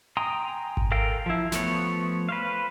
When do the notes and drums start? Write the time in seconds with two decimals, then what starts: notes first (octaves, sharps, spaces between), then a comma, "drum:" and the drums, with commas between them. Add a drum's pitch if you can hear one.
0.17 G5 G#5 A#5 C6 D#6
0.77 drum: kick G#1
0.92 A4 A#4 F5 G5
1.26 F3 E4
1.52 F3 A3 B3 C#5, drum: snare
2.29 B4 C5 F5